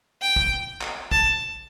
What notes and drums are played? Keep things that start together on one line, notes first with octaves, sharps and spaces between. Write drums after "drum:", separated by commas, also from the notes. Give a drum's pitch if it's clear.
G5
drum: kick
drum: clap
A5, drum: kick